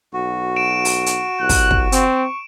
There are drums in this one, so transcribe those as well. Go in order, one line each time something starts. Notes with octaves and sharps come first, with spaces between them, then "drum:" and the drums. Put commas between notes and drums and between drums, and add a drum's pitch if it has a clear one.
B1 F#4
D7 E7
drum: open hi-hat
drum: hi-hat
C2 F#6
drum: kick, open hi-hat
drum: kick
C4 C#6, drum: hi-hat